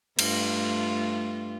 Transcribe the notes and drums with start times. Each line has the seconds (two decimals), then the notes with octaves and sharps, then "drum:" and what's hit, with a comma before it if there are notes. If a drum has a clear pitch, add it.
0.19 G2 A3 F4, drum: cymbal